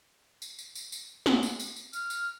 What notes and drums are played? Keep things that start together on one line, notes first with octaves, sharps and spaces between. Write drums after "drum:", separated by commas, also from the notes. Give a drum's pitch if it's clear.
drum: tambourine
drum: tambourine
drum: tambourine
drum: tambourine
drum: snare
drum: tambourine
drum: tambourine
drum: tambourine
F6, drum: tambourine
drum: tambourine